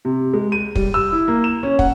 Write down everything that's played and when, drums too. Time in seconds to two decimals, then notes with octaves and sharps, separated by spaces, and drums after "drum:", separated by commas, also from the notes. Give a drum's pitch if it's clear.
0.05 C3
0.34 G#3
0.52 D#7
0.76 G3, drum: kick
0.94 E6
1.12 E4
1.28 A#3
1.44 E7
1.63 C#4
1.79 F#5, drum: kick